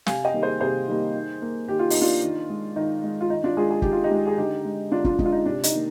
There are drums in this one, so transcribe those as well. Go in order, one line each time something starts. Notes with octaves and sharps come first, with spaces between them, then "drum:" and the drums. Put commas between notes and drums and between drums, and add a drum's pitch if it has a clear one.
C3 F5 G#5, drum: snare
D#5 G5
D#3 G3 A#3
G#4 C5
C3 G#4 C5
D#3 G3 A#3
D#3
A#3
D#3 G4
F4
D#4, drum: open hi-hat
A#3
D4 F4
D#3
G#3
D#3 D#4
G#3
F4
D#3 D#4
D4 F4
G#3 F4 G#4
G#4
D#3 G4, drum: kick
F4
D#4 G4
G#3
G#4
D3 D#4 G4
G#3
D3 D4 F4
D4 F4, drum: kick
G#3 D4, drum: kick
F4
D#4
C3 D4
D#4, drum: hi-hat
D#3 A#3